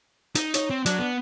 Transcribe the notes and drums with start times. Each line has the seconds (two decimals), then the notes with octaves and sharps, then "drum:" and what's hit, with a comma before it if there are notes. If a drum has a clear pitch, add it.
0.35 D#4, drum: hi-hat
0.54 C#5, drum: hi-hat
0.70 C4
0.86 F#3 D4, drum: hi-hat
0.98 B3